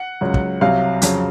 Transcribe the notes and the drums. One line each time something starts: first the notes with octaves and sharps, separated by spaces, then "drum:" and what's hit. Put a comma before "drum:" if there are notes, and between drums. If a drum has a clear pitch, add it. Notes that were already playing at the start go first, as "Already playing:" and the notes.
Already playing: F#5
C#2 C#3 F#3
drum: kick
C2 C3 F#3 F5
F2 C#3 F#3, drum: hi-hat